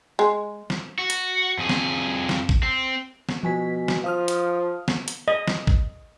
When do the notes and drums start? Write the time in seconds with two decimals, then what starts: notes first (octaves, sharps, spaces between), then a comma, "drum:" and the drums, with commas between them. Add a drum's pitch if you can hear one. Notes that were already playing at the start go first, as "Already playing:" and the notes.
0.19 G#3
0.70 drum: snare
0.98 F#4
1.10 drum: hi-hat
1.59 F2 G#4
1.69 drum: snare
2.29 drum: snare
2.49 drum: kick
2.63 C4
3.29 drum: snare
3.43 B2 F3 G#5 B6
3.88 drum: snare
4.04 F3 F5 D#6 F6
4.28 drum: hi-hat
4.88 drum: snare
5.08 drum: hi-hat
5.28 D#5
5.48 drum: snare
5.67 drum: kick